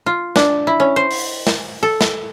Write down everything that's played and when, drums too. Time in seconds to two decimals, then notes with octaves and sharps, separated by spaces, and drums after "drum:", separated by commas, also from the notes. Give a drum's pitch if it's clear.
0.06 F4
0.36 D4, drum: snare
0.67 E4
0.80 C#4
0.96 C5
1.11 drum: open hi-hat
1.47 drum: snare
1.83 A4
2.01 drum: snare